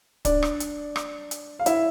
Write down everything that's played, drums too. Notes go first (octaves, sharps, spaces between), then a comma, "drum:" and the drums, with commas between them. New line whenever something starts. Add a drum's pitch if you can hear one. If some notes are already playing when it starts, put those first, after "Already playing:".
D4 D5, drum: kick, hi-hat
drum: rim click
drum: hi-hat
drum: rim click
drum: hi-hat
F5
E4 E5, drum: hi-hat